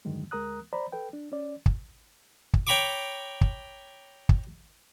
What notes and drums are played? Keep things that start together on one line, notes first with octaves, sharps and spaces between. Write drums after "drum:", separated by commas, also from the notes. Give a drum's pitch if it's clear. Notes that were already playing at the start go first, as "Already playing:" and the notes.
E2 G2 D3 D#3 F#3 G#3
D2 G#3 A#4 A#5 D#6 F#6
C5 D5 A#5 B5
A4 B4 G5
D4
C#4 D5
drum: kick
drum: kick
C#5 G5 A#5 B5 C#6 D6
drum: kick
drum: kick